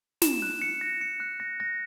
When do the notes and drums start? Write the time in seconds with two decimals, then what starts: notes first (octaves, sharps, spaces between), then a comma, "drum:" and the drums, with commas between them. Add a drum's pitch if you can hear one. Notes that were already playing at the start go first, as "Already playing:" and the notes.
0.22 E7, drum: snare
0.42 F#6
0.62 C#7
0.81 A#6
1.01 C#7
1.20 F#6
1.40 A#6
1.60 A#6